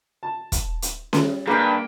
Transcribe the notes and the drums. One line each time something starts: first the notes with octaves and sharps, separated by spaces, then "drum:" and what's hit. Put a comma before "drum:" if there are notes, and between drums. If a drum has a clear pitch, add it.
A5
drum: kick E1, hi-hat
drum: hi-hat
G3, drum: snare C#4
G2 A#3 G#4 B4 G5